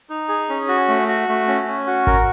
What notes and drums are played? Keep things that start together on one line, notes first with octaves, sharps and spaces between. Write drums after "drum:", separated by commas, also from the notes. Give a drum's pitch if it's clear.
D#4
G#4
C#4
F#4
A3
F#4
A3
C#4
C#4
F#4
A#4, drum: kick G#1